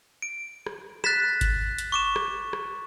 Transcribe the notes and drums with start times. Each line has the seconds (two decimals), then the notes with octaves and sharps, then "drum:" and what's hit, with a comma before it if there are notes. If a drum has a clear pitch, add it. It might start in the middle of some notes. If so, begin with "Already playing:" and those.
0.22 D7
0.66 drum: rim click
1.04 F#6 A6 B6 E7, drum: rim click
1.41 drum: kick G1, hi-hat
1.78 drum: hi-hat
1.92 C#6 D6 E7
2.16 drum: rim click
2.53 drum: rim click